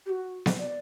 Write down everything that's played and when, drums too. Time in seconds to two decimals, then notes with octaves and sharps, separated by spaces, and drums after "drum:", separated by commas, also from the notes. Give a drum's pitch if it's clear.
0.06 G4
0.10 F#4
0.46 drum: snare B3
0.59 D5